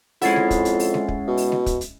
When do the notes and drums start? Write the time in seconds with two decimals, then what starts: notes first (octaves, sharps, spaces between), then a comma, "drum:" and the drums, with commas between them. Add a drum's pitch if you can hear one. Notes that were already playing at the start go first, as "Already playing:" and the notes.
0.22 F2 G#3 C#4 E4 F#5 A6 C7, drum: open hi-hat
0.36 drum: snare G#3
0.51 drum: kick, hi-hat
0.65 drum: hi-hat
0.79 drum: open hi-hat
0.94 drum: snare G#3
1.08 drum: kick
1.28 B2
1.37 drum: open hi-hat
1.52 drum: snare G#3
1.66 drum: kick, hi-hat
1.81 drum: hi-hat